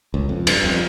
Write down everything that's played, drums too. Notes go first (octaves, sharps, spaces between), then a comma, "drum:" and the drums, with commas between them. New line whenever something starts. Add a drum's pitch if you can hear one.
C#2
F2
G2, drum: cymbal
F2